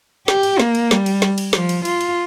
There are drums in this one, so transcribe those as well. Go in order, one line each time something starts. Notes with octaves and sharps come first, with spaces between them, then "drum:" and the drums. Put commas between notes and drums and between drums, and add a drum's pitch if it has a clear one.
G4, drum: snare
drum: cymbal
A#3, drum: snare
drum: cymbal
G3, drum: snare
drum: cymbal
drum: snare
drum: cymbal
F3, drum: snare
drum: cymbal
F4, drum: cymbal
drum: cymbal